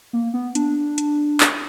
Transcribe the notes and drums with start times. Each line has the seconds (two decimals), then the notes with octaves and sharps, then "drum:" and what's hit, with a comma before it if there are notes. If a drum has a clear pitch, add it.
0.13 A#3
0.34 B3
0.55 D4, drum: hi-hat
0.98 drum: hi-hat
1.40 drum: clap